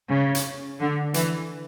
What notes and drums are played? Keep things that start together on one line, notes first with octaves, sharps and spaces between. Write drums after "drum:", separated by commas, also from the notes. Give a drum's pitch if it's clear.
C#3
drum: hi-hat
D3
E3, drum: hi-hat